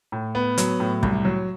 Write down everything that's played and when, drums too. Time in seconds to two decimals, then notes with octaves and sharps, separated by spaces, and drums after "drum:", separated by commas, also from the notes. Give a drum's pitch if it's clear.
0.12 A2
0.35 B3
0.58 F#3, drum: hi-hat
0.80 A2
1.03 C2, drum: kick
1.25 F#3